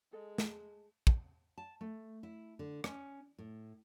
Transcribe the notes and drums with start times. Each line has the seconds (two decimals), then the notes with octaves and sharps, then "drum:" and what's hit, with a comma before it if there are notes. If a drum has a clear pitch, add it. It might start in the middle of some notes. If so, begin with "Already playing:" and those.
0.13 G#3 G#4 A4 D#5
0.38 drum: snare
1.07 drum: kick
1.58 A5
1.81 A3
2.23 E4
2.59 D3
2.84 C#4, drum: rim click
3.38 A2